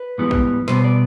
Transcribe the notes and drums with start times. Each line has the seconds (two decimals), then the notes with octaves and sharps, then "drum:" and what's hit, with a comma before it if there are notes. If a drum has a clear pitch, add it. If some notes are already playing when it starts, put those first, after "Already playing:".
Already playing: B4
0.18 G#2 E3 G3 B3
0.31 drum: kick A#1
0.68 B2 G3 B3 C5, drum: snare
0.84 D5